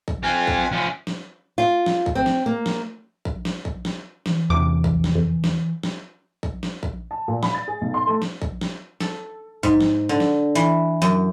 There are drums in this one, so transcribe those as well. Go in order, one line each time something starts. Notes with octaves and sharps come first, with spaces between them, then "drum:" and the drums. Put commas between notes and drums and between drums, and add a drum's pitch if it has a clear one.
drum: kick A#1
C4 F4 G#5
drum: kick A#1
F3 C#4
drum: snare
F4
drum: snare
drum: kick A#1
C4
drum: snare
A#3
drum: snare
drum: kick A#1
drum: snare
drum: kick A#1
drum: snare
E3, drum: snare
E2 C3 D6
drum: kick A#1
drum: snare
F2
drum: snare
drum: snare
drum: kick A#1
drum: snare
drum: kick A#1
A5
A#2
B5, drum: snare
A6
G#4
B1
C6
A3
drum: snare
drum: kick A#1
drum: snare
A4, drum: snare
G#2, drum: kick A#1
drum: snare
D3
drum: snare
E3
F#2